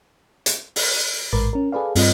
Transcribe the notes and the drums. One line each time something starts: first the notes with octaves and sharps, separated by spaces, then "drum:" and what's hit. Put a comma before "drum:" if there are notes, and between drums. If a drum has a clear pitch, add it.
drum: hi-hat
drum: open hi-hat
A1 G#2 A#4 B4 D6 A6
C#4 A#4
G#4 A4 B4 D5 F5
G2 C4 F4 C5 D#5, drum: open hi-hat